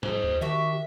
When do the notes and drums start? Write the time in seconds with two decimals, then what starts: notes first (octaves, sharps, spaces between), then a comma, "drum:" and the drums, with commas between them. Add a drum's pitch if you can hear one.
0.03 C5 D#5, drum: tom G#2
0.24 D#2
0.41 D#3 D4 F#4 G4 E5